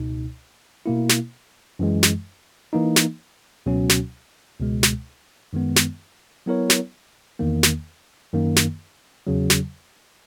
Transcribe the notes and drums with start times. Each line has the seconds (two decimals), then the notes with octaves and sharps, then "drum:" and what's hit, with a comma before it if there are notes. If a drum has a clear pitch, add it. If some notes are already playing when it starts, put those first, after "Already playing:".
Already playing: C#2 B2 D#4
0.86 B2 A#3 E4
1.09 drum: snare
1.79 F#2 E3 G#3
2.03 drum: snare
2.73 E3 A#3 D#4
2.96 drum: snare
3.66 C#2 B2 F#3 C#4 F#4
3.89 drum: snare
4.60 C#2 B2 G#3
4.83 drum: snare
5.53 F#2 D#3 G#3 B3
5.76 drum: snare
6.46 F#3 B3 E4 A#4 C#5
6.70 drum: snare
7.39 E2 D#3 A#3
7.63 drum: snare
8.33 F#2 D#3 A#3
8.56 drum: snare
9.27 E2 C#3 F#3
9.50 drum: snare